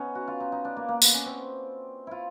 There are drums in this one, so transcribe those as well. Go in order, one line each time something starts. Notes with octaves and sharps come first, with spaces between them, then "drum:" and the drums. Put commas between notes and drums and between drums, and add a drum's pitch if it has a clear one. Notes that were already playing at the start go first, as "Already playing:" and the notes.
Already playing: B3 C#4 D#4
F#4
F4
D#4
D#4
D4
A#3
A#3
B3, drum: tambourine
C#4
C4
E4 F4